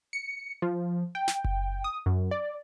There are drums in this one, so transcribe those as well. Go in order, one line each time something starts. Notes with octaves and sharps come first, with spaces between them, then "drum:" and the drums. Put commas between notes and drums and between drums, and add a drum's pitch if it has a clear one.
C#7
F3
G5
drum: snare
drum: kick F#1
D#6
F#2
D5